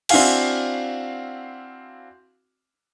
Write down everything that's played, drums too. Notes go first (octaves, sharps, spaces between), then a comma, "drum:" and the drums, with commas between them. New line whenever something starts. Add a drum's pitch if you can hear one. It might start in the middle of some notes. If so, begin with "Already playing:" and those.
C4 D4 E4 F#4 F5 G#5, drum: cymbal